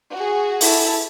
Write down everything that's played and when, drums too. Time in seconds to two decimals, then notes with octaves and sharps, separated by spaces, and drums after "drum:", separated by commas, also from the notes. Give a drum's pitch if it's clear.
0.13 F#4 G#4
0.61 E4 A4, drum: open hi-hat